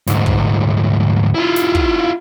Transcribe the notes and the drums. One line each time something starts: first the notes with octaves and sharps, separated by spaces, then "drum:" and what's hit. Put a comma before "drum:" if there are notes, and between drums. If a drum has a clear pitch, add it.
D2 G#2, drum: snare
drum: kick
E4 F4
drum: snare
drum: kick